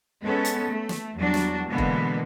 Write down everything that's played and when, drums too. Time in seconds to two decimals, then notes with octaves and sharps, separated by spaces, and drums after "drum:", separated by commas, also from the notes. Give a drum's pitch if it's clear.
0.22 G#3 B3 C#4 A4
0.45 drum: hi-hat
0.67 A3
0.89 drum: snare
1.17 E2 F#3 G3 D4 F#4
1.34 drum: snare
1.69 B2 D3 E3 G#3 A#3 B3
1.78 drum: kick F1